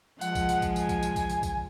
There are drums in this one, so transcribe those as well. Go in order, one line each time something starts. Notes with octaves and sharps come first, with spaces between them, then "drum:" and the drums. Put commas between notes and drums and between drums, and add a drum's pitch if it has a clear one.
F3 G#3 F#5, drum: tambourine
drum: kick A#1, tambourine
drum: tambourine
drum: kick A#1, tambourine
G#5, drum: tambourine
drum: kick A#1, tambourine
drum: tambourine
drum: kick A#1, tambourine
drum: tambourine
drum: kick A#1, tambourine